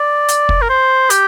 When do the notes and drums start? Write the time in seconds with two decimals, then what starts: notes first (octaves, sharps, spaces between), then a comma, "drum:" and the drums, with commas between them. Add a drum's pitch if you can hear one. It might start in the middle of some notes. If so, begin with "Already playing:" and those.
Already playing: D5
0.28 drum: hi-hat
0.49 drum: kick
0.61 A#4
0.69 C5
1.10 G4, drum: hi-hat